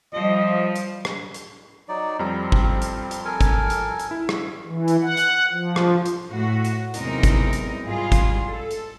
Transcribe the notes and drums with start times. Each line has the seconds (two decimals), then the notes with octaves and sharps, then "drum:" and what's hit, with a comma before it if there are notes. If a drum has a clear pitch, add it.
0.13 F3 G3 D#5
0.76 drum: hi-hat
1.05 drum: rim click
1.34 drum: hi-hat
1.88 F#3 D#4 D5
2.19 F2 G3 C4 A#5
2.52 drum: kick G#1
2.82 drum: hi-hat
3.11 drum: hi-hat
3.25 A4 A#4 G#5
3.41 drum: kick G#1, hi-hat
3.70 drum: hi-hat
3.99 drum: hi-hat
4.11 E4
4.29 drum: rim click
4.66 E3
4.88 drum: hi-hat
5.02 F#5
5.17 drum: hi-hat
5.51 F3
5.76 drum: rim click
6.06 drum: hi-hat
6.29 A2 F#4
6.64 drum: hi-hat
6.94 E2 C3 F#3 G#3 D#4 A#4, drum: hi-hat
7.23 drum: kick G#1, hi-hat
7.53 drum: hi-hat
7.86 G#2 G3 F4 G#4
8.12 drum: kick G#1, hi-hat
8.46 A4
8.71 drum: hi-hat